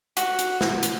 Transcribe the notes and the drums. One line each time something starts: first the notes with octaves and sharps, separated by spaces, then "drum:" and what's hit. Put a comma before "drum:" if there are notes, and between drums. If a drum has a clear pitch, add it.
F#4, drum: hi-hat
drum: hi-hat
drum: snare
drum: hi-hat